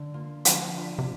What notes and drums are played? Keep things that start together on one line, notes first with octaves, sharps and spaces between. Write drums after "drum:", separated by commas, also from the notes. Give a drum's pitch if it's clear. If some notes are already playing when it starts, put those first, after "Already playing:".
Already playing: D3
A#3 F4
F3, drum: hi-hat
D4 F4
C3